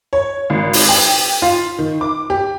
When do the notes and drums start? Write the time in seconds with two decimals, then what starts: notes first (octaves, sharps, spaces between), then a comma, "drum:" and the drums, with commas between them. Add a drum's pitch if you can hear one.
0.13 C#5
0.50 G#1
0.73 drum: open hi-hat
0.89 G5
1.42 F4
1.79 D#3
2.01 D6
2.30 G4